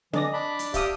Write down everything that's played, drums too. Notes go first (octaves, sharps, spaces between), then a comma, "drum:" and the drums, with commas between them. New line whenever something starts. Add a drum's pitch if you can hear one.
D3 E3 D5 D#5 A#6, drum: snare
D4 B5
drum: hi-hat
G4 E5 F5 D#6, drum: kick, hi-hat